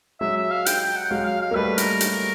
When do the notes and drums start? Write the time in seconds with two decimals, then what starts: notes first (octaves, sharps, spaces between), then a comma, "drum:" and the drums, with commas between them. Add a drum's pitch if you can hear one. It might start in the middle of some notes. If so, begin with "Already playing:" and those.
0.21 F#3 G#3 E5
0.36 E5
0.51 F5
0.66 G5, drum: hi-hat
0.81 G5
0.96 F#5
1.11 F#3 G#3 F5
1.26 F5
1.41 F5
1.51 A#3
1.55 G3 A3 B4
1.78 A#4, drum: hi-hat
2.01 drum: hi-hat